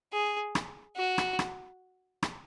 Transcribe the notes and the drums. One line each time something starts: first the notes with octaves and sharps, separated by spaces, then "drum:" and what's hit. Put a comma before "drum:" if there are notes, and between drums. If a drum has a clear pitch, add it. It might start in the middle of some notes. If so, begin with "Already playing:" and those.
G#4
drum: rim click
F#4
drum: rim click
drum: rim click
drum: rim click